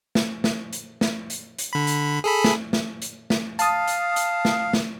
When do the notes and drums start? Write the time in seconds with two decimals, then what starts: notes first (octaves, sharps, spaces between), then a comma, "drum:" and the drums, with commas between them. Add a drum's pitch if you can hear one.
0.15 drum: snare
0.44 drum: snare
0.73 drum: hi-hat
1.01 drum: snare
1.30 drum: hi-hat
1.59 drum: hi-hat
1.73 D3 B5
1.87 drum: hi-hat
2.24 G#4 A4 B5
2.44 drum: snare
2.73 drum: snare
3.02 drum: hi-hat
3.30 drum: snare
3.59 F5 A5 D#6, drum: hi-hat
3.88 drum: hi-hat
4.16 drum: hi-hat
4.45 drum: snare
4.73 drum: snare